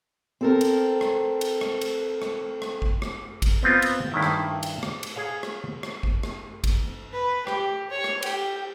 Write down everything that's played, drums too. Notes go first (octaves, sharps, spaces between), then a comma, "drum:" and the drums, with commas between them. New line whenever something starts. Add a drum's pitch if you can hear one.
C4 A4 A#4
drum: cymbal
drum: rim click
drum: cymbal
drum: rim click
drum: cymbal
drum: rim click
drum: rim click
drum: kick G#1
drum: rim click
drum: kick G#1, cymbal
B3 C4 F4
drum: cymbal
G2 D#3 E4
drum: rim click
drum: cymbal
drum: rim click
drum: cymbal
G#4 C#5 F5
drum: rim click
drum: rim click
drum: kick G#1
drum: rim click
drum: kick G#1, cymbal
B4
G4, drum: rim click
C#5
drum: rim click
G4, drum: cymbal